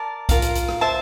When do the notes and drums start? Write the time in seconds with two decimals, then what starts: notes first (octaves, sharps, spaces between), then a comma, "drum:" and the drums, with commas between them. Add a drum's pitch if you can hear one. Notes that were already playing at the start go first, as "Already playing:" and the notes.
Already playing: A#4 D5 A5
0.29 F4 A#4 F5, drum: kick, hi-hat
0.42 drum: hi-hat
0.55 drum: hi-hat
0.68 drum: rim click
0.81 C5 E5 A5